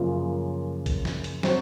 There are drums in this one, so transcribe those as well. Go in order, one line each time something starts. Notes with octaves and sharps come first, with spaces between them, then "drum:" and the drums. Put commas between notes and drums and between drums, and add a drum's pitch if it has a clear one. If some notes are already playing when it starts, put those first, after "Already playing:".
Already playing: F#2 C#3 F3 A#3 F4
drum: kick A#1, hi-hat
drum: snare
drum: hi-hat
F#3 C4 F#4 C5, drum: snare